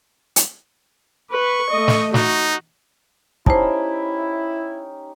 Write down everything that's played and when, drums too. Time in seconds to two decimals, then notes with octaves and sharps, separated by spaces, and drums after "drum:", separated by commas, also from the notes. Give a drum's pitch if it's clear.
0.36 drum: hi-hat
1.31 B4 C#6
1.71 A3 D#5
1.88 drum: snare
2.14 D#4 F#4, drum: snare
3.46 C#4 D#4 E4 G4 C5 A5, drum: kick